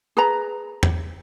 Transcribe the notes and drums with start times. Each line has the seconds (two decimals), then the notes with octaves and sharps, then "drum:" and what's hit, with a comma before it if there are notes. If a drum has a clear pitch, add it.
0.17 G#4 B4 A#5
0.83 drum: tom E2